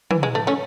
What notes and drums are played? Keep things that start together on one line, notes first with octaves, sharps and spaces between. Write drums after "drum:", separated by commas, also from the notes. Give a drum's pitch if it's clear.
E3, drum: tom
G#3
A3
A3 C#4